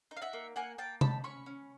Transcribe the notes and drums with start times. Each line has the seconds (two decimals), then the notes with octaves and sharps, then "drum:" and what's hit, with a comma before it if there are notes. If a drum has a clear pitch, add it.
0.11 D#4
0.17 F5
0.21 E5 F#5
0.33 A#3
0.56 A#3 F#5 G#5
0.78 A#3 G5 A5
1.01 D#4 A5 B5, drum: tom C3
1.24 C#4 B5 C#6
1.46 C#4